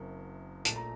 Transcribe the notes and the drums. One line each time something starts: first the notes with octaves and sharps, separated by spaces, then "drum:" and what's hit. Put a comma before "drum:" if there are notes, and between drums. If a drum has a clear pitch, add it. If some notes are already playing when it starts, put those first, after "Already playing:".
Already playing: F#1 F#2 C4
A#1 A#2 A3 A5, drum: hi-hat
A#5